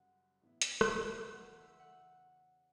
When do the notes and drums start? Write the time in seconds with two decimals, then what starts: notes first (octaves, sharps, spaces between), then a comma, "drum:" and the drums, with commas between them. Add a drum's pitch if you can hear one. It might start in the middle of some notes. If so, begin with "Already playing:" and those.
Already playing: F#1 F#2 C#3 G3 F#5
0.42 A2 E3 B3 E4
0.62 drum: hi-hat
0.81 drum: rim click
1.33 E2 C#3 E3 F#5
1.56 E5
1.79 F#5